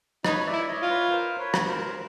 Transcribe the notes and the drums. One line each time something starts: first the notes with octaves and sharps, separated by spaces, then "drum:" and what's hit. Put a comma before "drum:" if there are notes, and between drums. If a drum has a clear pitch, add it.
D#4 B4 C#5, drum: rim click
D5 E5
E4
C#5 D#5
F4
B4 C#5
A#4 C5
B4 C#5
drum: rim click
A#4 C5